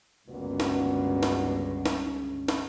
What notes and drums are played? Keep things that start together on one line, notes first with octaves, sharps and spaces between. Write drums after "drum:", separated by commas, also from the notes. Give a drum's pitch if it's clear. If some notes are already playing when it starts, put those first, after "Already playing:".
G1 C#2 G2 A#2 B3 F#4
drum: snare
drum: snare
drum: snare
drum: snare